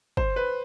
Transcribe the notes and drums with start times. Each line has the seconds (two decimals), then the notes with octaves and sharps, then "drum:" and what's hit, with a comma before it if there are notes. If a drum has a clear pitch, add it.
0.17 C5, drum: kick
0.36 B4